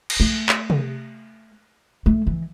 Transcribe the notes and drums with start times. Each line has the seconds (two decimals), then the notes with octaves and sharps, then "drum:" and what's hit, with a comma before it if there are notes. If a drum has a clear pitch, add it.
0.10 drum: cymbal
0.20 A3
0.49 drum: clap
0.70 drum: tom C3
2.06 A3
2.27 E3